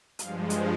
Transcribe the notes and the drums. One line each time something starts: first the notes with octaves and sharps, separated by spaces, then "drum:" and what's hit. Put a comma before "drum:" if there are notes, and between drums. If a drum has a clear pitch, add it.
G2 F3 G#3 F5, drum: hi-hat
drum: hi-hat